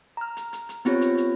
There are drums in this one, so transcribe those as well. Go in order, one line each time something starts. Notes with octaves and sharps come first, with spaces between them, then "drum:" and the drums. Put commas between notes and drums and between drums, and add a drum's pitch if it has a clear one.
A#5 F6
drum: hi-hat
drum: hi-hat
drum: hi-hat
B3 C4 F4 G4 C#5, drum: hi-hat
drum: hi-hat
drum: hi-hat